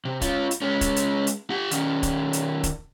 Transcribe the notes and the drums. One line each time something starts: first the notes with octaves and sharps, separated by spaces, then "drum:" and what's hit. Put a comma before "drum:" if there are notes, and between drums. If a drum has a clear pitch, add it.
C3
C#4 F4, drum: kick, hi-hat
drum: hi-hat
G#3 C#4
drum: kick, hi-hat
drum: hi-hat
drum: hi-hat
G4 F#5
D#3 C#4, drum: hi-hat
drum: kick, hi-hat
drum: hi-hat
drum: kick, hi-hat